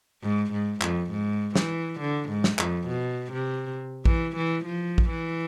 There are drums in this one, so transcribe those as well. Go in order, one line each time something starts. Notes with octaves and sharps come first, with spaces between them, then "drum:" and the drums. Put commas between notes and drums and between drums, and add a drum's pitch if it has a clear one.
G#2
G#2
F2, drum: clap
G#2
E3, drum: snare
D3
G#2
drum: snare
F2, drum: clap
B2
C3
E3, drum: kick
E3
F3
drum: kick
E3